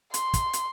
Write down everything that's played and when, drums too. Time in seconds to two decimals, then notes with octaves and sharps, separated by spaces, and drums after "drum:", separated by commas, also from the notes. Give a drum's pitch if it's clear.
0.14 C6, drum: hi-hat
0.34 drum: kick, hi-hat
0.53 drum: hi-hat